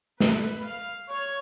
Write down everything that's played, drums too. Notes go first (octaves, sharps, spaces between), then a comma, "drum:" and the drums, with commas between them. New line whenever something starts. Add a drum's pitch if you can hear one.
B4, drum: snare
F5
C#5